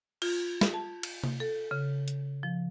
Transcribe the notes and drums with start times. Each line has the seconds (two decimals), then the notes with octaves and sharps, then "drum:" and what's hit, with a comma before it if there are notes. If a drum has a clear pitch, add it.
0.22 F4, drum: cymbal
0.61 drum: snare
0.74 A5
1.03 drum: cymbal
1.24 drum: tom C3
1.40 A4
1.71 C#3
2.08 drum: hi-hat
2.43 F3